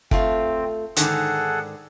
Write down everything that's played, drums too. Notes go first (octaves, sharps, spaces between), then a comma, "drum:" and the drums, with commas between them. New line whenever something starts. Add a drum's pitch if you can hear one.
A3 C4 F4, drum: kick
G#2 D3 D#3 G#4 A4 F#5, drum: hi-hat